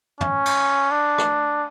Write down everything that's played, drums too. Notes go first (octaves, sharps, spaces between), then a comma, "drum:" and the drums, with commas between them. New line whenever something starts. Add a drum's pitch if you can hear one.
C#4, drum: tom
drum: cymbal
D4
drum: rim click